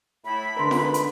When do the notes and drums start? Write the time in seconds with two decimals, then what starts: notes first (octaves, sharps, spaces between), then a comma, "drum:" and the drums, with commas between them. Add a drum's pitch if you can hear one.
0.25 A2 E4 B5
0.57 D2 G#2 D3 A#4 B4 D5 E5 C6
0.71 drum: snare
0.94 drum: hi-hat